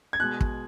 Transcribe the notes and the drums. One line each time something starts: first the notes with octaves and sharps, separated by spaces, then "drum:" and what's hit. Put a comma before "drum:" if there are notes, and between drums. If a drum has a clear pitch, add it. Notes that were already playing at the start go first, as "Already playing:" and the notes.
G#6
B2 G#3 F#6
drum: kick